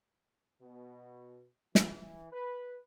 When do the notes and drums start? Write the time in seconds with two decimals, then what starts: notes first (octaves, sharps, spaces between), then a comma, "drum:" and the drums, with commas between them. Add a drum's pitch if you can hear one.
0.61 B2
1.75 E3, drum: snare
2.32 B4